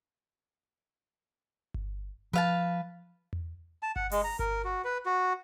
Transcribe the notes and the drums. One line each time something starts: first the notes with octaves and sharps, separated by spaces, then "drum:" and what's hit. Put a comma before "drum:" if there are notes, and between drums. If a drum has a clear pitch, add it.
drum: kick G1
F3 B4 F5 A5
drum: tom E2
A5
F#5, drum: kick G1
G#3, drum: open hi-hat
A#5
A#4, drum: kick G1
F#4
B4
F#4